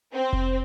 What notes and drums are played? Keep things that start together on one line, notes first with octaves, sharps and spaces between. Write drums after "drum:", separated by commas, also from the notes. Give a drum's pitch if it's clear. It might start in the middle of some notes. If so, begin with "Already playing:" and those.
C4
drum: kick F1